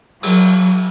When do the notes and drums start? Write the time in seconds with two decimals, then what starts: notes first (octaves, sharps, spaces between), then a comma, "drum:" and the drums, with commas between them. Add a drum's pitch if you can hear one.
0.23 F#3, drum: cymbal